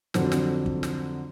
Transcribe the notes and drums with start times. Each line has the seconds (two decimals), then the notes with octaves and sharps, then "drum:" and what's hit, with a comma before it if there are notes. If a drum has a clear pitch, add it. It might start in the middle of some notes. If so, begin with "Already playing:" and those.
0.14 F2 D3 F#3, drum: snare
0.32 drum: snare
0.66 drum: kick
0.83 drum: snare